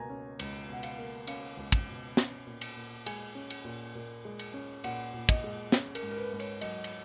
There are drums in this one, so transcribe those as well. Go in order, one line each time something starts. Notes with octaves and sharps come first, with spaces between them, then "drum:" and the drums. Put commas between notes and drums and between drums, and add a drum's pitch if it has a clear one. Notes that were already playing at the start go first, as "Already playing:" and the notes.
Already playing: C#2 B2 A#3 G#5 A#5
C#4
C#2, drum: cymbal
B2
F#5
F5, drum: cymbal
A#3
C#4 F5, drum: cymbal
C#2
drum: kick, cymbal
B2
C#4, drum: snare
A#2
drum: cymbal
A#2
G#3 G#5, drum: cymbal
C#4
drum: cymbal
A#2
A#2
G#3
drum: cymbal
C#4
A#2 F#5, drum: cymbal
A#2
D#5, drum: kick, cymbal
G#3
C#4 C#5, drum: snare
A#4, drum: cymbal
G#2
A#4
B4
G#2 B4
C#5, drum: cymbal
F#3 D#5, drum: cymbal
drum: cymbal